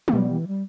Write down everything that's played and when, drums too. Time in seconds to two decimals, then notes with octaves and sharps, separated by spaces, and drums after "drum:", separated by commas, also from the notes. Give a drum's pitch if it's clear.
0.08 E3, drum: tom G3
0.13 B2 F#3 G3 B3
0.30 E3
0.47 G3